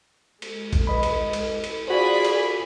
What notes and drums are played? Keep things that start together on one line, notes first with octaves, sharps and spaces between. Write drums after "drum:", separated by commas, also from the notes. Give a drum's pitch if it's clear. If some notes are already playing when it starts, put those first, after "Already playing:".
G#3, drum: cymbal
drum: kick A#1, cymbal
B4 D#5 B5
drum: cymbal
drum: cymbal
drum: cymbal
F4 F#4 G#4 C5 D5 B5
drum: cymbal